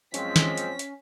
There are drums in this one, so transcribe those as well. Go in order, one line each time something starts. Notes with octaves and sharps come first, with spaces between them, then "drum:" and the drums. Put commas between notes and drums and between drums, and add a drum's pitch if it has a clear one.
F#2 F3 G#3 C4 C#4 B6, drum: hi-hat
drum: snare
drum: hi-hat
drum: hi-hat